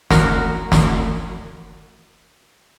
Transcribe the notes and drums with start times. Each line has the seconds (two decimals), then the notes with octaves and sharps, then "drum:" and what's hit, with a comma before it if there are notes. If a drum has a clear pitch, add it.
0.11 F#4 A#4, drum: snare
0.72 drum: snare